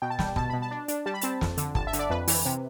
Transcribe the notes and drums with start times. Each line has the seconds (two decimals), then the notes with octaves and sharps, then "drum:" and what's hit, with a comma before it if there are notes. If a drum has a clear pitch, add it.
0.02 B2 G5
0.10 A5
0.19 G3 G5, drum: snare
0.36 B2 A5, drum: kick
0.50 B2 B5
0.62 A5
0.71 D4
0.88 D4, drum: hi-hat
1.06 G3 A5
1.14 B5
1.21 C4 A5, drum: hi-hat
1.41 F2, drum: snare
1.57 D3, drum: hi-hat
1.75 G1 A5, drum: kick
1.87 E5
1.93 D3, drum: hi-hat
1.99 D5
2.10 F2 B4
2.28 E3, drum: open hi-hat
2.45 C3